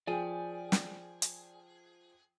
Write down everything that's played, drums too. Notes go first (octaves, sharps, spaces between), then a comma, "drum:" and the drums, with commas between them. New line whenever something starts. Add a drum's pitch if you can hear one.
F3 G#4 D5 G5 G#5
drum: snare
drum: hi-hat